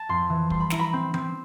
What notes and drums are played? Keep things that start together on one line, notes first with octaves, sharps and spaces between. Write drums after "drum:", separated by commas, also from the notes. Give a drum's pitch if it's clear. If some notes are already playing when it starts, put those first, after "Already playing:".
Already playing: A5
F2 C6
E3
G3 C6, drum: kick
B5
E4 A#5, drum: snare
B5
C4
C4, drum: tom E3